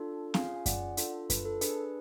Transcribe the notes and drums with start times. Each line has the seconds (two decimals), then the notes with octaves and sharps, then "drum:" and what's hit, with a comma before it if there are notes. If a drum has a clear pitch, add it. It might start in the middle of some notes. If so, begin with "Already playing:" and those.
Already playing: D4 F4 A4
0.34 C#4 F4 G#4 F5 G#5, drum: snare C4
0.56 G#5
0.66 D5 F#5, drum: kick F#2, hi-hat
0.97 D4 F4 A4, drum: hi-hat
1.30 B4, drum: kick F#2, hi-hat
1.45 A4
1.61 D4 G#4 B4, drum: hi-hat